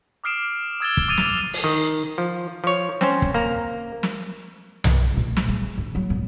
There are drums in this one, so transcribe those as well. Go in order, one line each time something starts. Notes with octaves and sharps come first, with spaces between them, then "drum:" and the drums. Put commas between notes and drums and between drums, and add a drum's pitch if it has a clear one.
D6 D#6 F6 C7 D7 E7
D#6 E6 G#6 A6 E7 G7
drum: kick
D6 D#6 G#6 A6 D#7 F7
drum: snare
drum: open hi-hat
D#3
F3
F3 C#5
C4 C#4 C5, drum: snare
drum: kick
A#3 A#5
drum: snare
drum: tom B1
A#2 A3
drum: snare
G#3
D3
F#3 A#3
D1